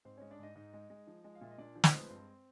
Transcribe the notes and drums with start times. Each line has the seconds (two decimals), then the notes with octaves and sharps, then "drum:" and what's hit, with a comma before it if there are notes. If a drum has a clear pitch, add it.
0.05 G#2 C4 C5
0.17 G#3 C#4 C#5
0.31 D4 D5
0.39 G#2 D#4 D#5
0.55 G#2 D#4 D#5
0.73 G#3
0.90 G#3
1.07 F3
1.24 G#3
1.35 F5
1.41 A#2 E5
1.51 D#5
1.58 A#2 D4 D5
1.76 F3
1.84 C4 C5, drum: snare
1.92 G#3
1.99 B4
2.09 G2 C4 C5